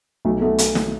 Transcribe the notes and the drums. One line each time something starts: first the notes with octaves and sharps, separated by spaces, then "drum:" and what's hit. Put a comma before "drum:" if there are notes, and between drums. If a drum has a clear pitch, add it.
B1 A3
A3 B3
drum: hi-hat
drum: snare